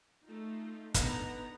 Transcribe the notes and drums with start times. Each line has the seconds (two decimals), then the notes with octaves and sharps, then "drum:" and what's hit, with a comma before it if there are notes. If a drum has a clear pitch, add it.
0.24 A3 D#4 F4
0.94 D3 B3 D#4 A#5, drum: kick, hi-hat